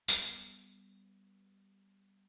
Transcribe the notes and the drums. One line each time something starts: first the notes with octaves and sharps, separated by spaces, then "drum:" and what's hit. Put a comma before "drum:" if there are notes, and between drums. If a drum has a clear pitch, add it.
G3 B3, drum: tambourine